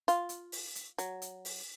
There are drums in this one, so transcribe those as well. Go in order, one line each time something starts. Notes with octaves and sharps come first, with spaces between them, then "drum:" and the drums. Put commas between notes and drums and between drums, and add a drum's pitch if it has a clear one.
F4, drum: hi-hat
drum: hi-hat
drum: open hi-hat
drum: hi-hat
F#3, drum: hi-hat
drum: hi-hat
drum: open hi-hat